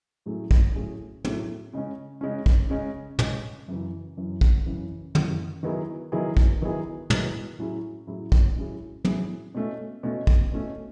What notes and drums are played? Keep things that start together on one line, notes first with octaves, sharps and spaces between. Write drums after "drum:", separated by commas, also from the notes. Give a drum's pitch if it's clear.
A2 F#3 A3 C#4 G#4
drum: kick
A2 F#3 A3 C#4 G#4
A2 F#3 A3 C#4 G#4, drum: tom
C#3 G#3 C#4
C#3 G#3 C#4
drum: kick
C#3 G#3 C#4
C#3 G#3 C#4, drum: tom
F#2 C#3 E3
F#2 C#3 E3
drum: kick
F#2 C#3 E3
F#2 C#3 E3, drum: tom
D#3 F#3 B3 E4 G#4
D#3 F#3 B3 E4 G#4
drum: kick
D#3 F#3 B3 E4 G#4
D#3 F#3 B3 E4 G#4, drum: tom
A2 F#3 C#4 E4 G#4
A2 F#3 C#4 E4 G#4
drum: kick
A2 F#3 C#4 E4 G#4
A2 F#3 C#4 E4 G#4, drum: tom
B2 A3 C#4
B2 A3 C#4
drum: kick
B2 A3 C#4